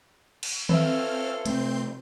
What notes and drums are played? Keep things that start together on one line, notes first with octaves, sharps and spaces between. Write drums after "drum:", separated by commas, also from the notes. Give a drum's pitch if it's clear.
drum: cymbal
C4 C#4 F4 A4 B4 E5 F6, drum: tom D#3
C3 A3 C4 C6 G6, drum: hi-hat